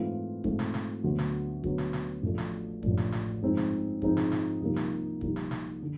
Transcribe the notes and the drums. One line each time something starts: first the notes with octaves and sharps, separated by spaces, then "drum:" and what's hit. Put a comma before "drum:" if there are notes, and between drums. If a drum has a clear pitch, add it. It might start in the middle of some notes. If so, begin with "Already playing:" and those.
Already playing: G#2 E3 A3 C4 F4
G#2 E3 A3 C4 F4, drum: kick
drum: snare
drum: snare
D2 D3 F#3 B3
drum: snare
D2 D3 F#3 B3, drum: kick
drum: snare
drum: snare
A1 A2 F3 A3 D4
drum: snare
A1 A2 F3 A3 D4, drum: kick
drum: snare
drum: snare
G#2 F3 G#3 C4 D#4
drum: snare
G#2 F3 G#3 C4 D#4, drum: kick
drum: snare
drum: snare
C2 C3 F3 A#3 D#4
drum: snare
C2 C3 F3 A#3 D#4, drum: kick
drum: snare
drum: snare
D3